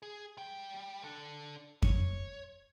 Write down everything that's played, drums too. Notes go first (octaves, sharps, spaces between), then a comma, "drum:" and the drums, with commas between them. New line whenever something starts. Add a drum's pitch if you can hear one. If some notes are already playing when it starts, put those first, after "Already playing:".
G#4
G3 G5
D4 A4
C#5, drum: kick F2